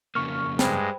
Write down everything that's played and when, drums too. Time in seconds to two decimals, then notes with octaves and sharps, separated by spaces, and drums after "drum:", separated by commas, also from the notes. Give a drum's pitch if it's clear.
0.15 F2 C#3 A#3 C#6 F6
0.59 G2 G#3 C5 G5 B5, drum: snare